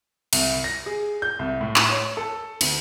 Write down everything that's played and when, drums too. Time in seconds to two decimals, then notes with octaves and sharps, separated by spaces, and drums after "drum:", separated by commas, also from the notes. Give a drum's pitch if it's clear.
0.33 C2, drum: cymbal
0.64 A#6
0.86 G#4
1.22 G6
1.39 C2
1.61 A2
1.76 drum: clap
1.89 C#5
2.17 A4
2.61 D2, drum: cymbal